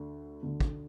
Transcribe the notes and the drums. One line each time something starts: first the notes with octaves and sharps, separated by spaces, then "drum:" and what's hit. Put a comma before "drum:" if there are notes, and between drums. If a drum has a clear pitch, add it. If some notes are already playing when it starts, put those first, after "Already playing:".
Already playing: D2 D3
D2 D3
drum: kick